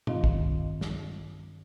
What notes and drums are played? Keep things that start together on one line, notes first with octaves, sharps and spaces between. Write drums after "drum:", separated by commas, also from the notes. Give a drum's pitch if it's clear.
G2 D#3 C4 F4 D#5 F5, drum: tom
drum: kick
drum: snare